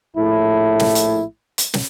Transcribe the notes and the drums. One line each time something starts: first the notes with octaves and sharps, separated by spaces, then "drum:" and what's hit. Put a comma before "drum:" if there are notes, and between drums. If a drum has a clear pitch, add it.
A#1 A2 E4
drum: snare
drum: hi-hat
drum: hi-hat
drum: snare